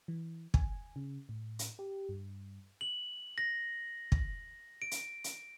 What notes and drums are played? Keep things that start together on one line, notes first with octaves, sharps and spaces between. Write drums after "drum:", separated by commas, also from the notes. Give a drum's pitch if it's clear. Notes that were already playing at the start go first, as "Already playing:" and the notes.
E3
G#5, drum: kick
C#3
A2
drum: hi-hat
G4
G2
F#7
A#6
drum: kick
D7
drum: hi-hat
drum: hi-hat